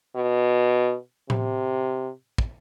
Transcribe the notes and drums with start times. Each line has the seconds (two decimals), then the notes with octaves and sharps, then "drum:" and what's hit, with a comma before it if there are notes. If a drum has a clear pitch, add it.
0.15 B2
1.30 C3, drum: tom A2
2.38 drum: kick